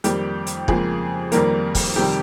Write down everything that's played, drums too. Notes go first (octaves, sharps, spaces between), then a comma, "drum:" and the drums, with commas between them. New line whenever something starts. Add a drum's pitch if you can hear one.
F2 D#3 G3 A#3 G4, drum: hi-hat
drum: hi-hat
F2 C#3 F3 G#3 A#3 G#4, drum: kick
F2 D#3 G3 A#3 A#4, drum: hi-hat
drum: kick, open hi-hat
F2 C3 D#3 G3 G4 G5